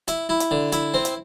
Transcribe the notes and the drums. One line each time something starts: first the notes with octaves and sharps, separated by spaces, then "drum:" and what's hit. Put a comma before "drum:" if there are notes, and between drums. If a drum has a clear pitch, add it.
E4, drum: hi-hat
E4
drum: hi-hat
D3
E4, drum: hi-hat
C4
drum: hi-hat